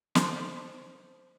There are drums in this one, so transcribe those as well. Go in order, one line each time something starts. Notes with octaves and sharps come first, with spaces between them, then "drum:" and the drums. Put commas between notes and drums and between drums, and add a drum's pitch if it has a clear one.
C5, drum: snare